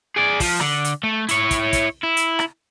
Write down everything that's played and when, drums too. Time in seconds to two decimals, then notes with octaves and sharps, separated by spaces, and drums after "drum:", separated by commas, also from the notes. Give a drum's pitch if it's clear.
0.16 G#4 D5
0.40 F3, drum: kick, open hi-hat
0.60 D3, drum: rim click
0.84 drum: hi-hat
1.03 A3
1.29 E4 C#5, drum: hi-hat
1.51 drum: kick, hi-hat
1.73 drum: kick, hi-hat
2.03 E4
2.17 drum: hi-hat
2.39 drum: rim click